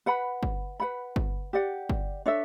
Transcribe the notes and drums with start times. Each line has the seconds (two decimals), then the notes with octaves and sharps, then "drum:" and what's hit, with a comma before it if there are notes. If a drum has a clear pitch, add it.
0.06 B4 F#5 B5
0.43 drum: kick G1
0.80 B4 F#5 B5
1.16 drum: kick G1
1.53 G4 D5 F#5
1.89 drum: kick G1
2.26 D4 A4 C#5 E5